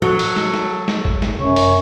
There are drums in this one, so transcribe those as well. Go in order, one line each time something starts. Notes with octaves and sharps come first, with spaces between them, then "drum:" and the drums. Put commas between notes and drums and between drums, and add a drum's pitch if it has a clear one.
F#3 A4, drum: tom E3
drum: open hi-hat
drum: snare
drum: snare
drum: snare
drum: kick
drum: snare
F#2 C#5, drum: tom C3
drum: open hi-hat